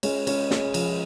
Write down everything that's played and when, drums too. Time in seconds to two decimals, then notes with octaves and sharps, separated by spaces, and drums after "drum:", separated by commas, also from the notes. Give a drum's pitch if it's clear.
0.03 G#3 C#4, drum: cymbal
0.27 C#4, drum: cymbal
0.51 C#4, drum: snare
0.74 F3, drum: cymbal